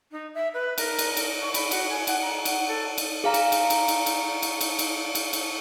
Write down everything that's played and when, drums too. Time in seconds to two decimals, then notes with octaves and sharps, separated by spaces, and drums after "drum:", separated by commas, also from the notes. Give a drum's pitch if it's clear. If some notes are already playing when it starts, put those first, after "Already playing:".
0.12 D#4
0.34 E5
0.54 B4
0.78 A#4, drum: cymbal
0.99 drum: cymbal
1.17 drum: cymbal
1.42 C#6
1.54 B5, drum: cymbal
1.71 F#4, drum: cymbal
1.90 G#5
2.07 F#5, drum: cymbal
2.22 A#5
2.45 F#5, drum: cymbal
2.68 A4
2.98 drum: cymbal
3.24 G#4 F5 A#5
3.34 drum: cymbal
3.52 drum: cymbal
3.70 drum: cymbal
3.88 drum: cymbal
4.06 drum: cymbal
4.43 drum: cymbal
4.61 drum: cymbal
4.79 drum: cymbal
5.15 drum: cymbal
5.33 drum: cymbal